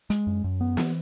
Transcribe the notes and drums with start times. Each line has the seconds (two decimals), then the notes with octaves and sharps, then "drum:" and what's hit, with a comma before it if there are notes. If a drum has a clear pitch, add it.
0.10 G#3, drum: hi-hat
0.27 F#2
0.44 F#2
0.61 B3
0.77 E3, drum: snare